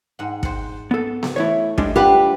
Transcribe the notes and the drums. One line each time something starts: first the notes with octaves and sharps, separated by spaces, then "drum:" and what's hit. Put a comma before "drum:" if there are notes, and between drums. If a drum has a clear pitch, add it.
G#2 F#5
C5 F#5, drum: kick
B3 A4
drum: snare B3
E3 A3 E4 C#5
G3 G#3 D4, drum: kick
G3 D4 F4 G4 B4 F#5